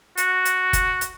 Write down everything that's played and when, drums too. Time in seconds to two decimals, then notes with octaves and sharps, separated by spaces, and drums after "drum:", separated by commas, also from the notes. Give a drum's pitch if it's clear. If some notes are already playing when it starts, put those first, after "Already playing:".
0.17 F#4, drum: hi-hat
0.45 drum: hi-hat
0.73 drum: kick F#1, hi-hat
1.01 drum: hi-hat